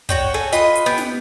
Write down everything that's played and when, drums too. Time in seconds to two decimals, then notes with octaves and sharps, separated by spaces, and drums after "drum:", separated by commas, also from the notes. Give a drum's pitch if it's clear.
0.09 F#4 C#5 G5, drum: kick, hi-hat
0.34 A4 G#5
0.52 F4 B4 D#5, drum: hi-hat
0.75 drum: hi-hat
0.86 B3 G4
0.98 drum: snare